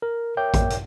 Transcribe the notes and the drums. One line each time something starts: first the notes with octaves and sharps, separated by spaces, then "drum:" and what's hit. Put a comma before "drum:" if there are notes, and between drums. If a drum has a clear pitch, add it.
A#4
A#4 C#5 E5 G5 D6 G6
drum: kick A1, hi-hat
drum: hi-hat